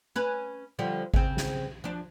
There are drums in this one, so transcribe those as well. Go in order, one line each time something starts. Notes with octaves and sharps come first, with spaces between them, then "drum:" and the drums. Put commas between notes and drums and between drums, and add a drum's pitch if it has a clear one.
C#4 B4
D3 F3 G3
C#3 C4, drum: kick G#1
drum: snare
F3 D4